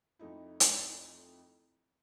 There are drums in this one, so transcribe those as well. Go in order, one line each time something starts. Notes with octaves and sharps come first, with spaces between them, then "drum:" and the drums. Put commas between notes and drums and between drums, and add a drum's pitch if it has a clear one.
F2 A3 D#4 E4
drum: hi-hat